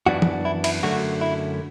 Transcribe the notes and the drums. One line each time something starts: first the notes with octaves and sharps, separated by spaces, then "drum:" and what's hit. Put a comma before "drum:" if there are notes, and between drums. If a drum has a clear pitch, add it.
F#2 E3 B3 D4 F#4
drum: tom E3
E4
E4, drum: cymbal
F#2 D3 F#3 A3 F#4
E4